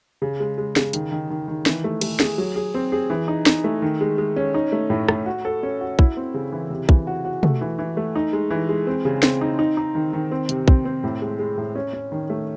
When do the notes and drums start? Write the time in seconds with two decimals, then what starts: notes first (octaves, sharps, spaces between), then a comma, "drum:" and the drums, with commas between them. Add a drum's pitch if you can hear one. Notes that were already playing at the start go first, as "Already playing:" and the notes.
0.22 C#3
0.40 G#3
0.58 G#3
0.76 C#3, drum: snare
0.93 D#3, drum: hi-hat
1.12 D#3
1.30 D#3
1.48 D#3
1.66 E3, drum: snare
1.84 A3
2.01 A3, drum: cymbal
2.20 G#4, drum: snare
2.38 F#3
2.56 G#4
2.74 C4
2.92 G#4
3.10 E3
3.28 D#4
3.46 D#4, drum: snare
3.64 A3
3.82 D#3
4.01 G#3
4.18 G#3
4.36 C#4
4.54 D#4
4.72 A3
4.90 A2
5.08 A2, drum: rim click
5.26 F#4
5.45 A4
5.63 C#4
5.81 F#4
5.99 E4, drum: kick
6.17 C4
6.34 C#3
6.52 E3
6.70 C3
6.89 E3, drum: kick
7.07 F#4
7.25 F#4
7.43 A3, drum: tom
7.61 E3
7.79 E3
7.97 A3
8.15 D#4
8.33 G#3
8.51 E3
8.69 G#3
8.87 C4
9.05 C#3
9.23 C4, drum: snare
9.41 D#4
9.59 D#4
9.77 D#4
9.95 D#3
10.13 D#3
10.32 C4
10.49 C3, drum: hi-hat
10.68 C4, drum: kick
10.85 C4
11.04 A2
11.22 G#3
11.39 G#3
11.58 A2
11.75 C#4
11.93 C#4
12.12 D#3
12.30 A3